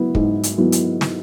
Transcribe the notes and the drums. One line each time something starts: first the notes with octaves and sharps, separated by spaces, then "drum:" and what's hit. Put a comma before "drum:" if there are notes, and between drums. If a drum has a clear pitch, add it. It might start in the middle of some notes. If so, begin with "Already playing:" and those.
Already playing: F#3 B3 E4
G#2, drum: kick
drum: hi-hat
F#3 B3 E4
drum: hi-hat
drum: snare